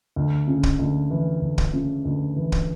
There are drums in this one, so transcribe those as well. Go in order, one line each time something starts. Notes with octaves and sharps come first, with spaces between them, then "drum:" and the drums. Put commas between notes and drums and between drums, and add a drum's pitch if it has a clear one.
D2
C#3
drum: kick
D2
E3
D2
drum: kick
C#3
D2
E3
drum: kick